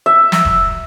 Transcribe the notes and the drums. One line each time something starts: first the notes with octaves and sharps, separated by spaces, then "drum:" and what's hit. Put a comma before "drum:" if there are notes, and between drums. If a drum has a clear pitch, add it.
E5
drum: snare
drum: kick E1